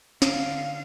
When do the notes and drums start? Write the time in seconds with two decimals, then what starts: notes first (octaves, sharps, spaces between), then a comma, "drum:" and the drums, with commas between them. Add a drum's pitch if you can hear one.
0.22 D3 F5, drum: snare